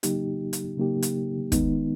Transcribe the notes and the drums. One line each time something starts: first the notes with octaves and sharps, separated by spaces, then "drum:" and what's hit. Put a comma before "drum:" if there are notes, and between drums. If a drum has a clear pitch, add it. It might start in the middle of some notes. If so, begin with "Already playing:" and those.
C#3 F#3 A#3 D#4 G4, drum: hi-hat
drum: hi-hat
C#3 F#3 A#3 D#4 G4
drum: hi-hat
D#3 G#3 B3 D#4, drum: kick, hi-hat